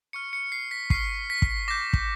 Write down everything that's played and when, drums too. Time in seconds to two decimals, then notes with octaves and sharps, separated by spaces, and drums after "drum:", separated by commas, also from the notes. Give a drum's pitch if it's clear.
0.13 C#6 F6 C#7
0.33 C#7
0.52 C7
0.71 B6
0.90 C#6 F6 C7, drum: kick
1.30 B6
1.42 drum: kick
1.68 D6 G6 A#6
1.93 drum: kick